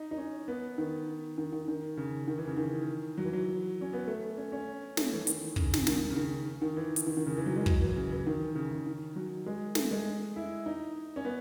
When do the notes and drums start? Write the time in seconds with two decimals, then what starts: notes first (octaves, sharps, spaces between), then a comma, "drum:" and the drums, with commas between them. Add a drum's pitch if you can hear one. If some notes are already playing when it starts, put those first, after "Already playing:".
Already playing: D#4
0.11 D#4
0.17 C#4
0.48 B3
0.78 D#3
1.38 D#3
1.52 D#3
1.68 D#3
1.97 C#3
2.28 D#3
2.38 E3
2.47 C#3
2.57 D#3
3.18 F#3
3.25 E3
3.33 F#3
3.81 C#4
3.93 B3
4.08 A3
4.37 C#4
4.52 C#4
4.97 A3, drum: snare
5.12 E3
5.27 D#3, drum: hi-hat
5.56 C#3, drum: kick
5.74 drum: snare
5.87 D#3, drum: snare
6.10 C#3
6.16 D#3
6.62 D#3
6.76 E3
6.96 drum: hi-hat
7.07 D#3
7.17 D#3
7.26 C#3
7.37 E3
7.46 F#3
7.56 G#3
7.66 F#3, drum: kick
7.82 E3
7.96 C#3
8.11 E3
8.27 D#3
8.55 C#3
8.71 C#3
8.87 D#3
9.16 F#3
9.46 G#3
9.75 A3, drum: snare
9.91 G#3
10.36 E4
10.66 D#4
11.16 C#4
11.25 B3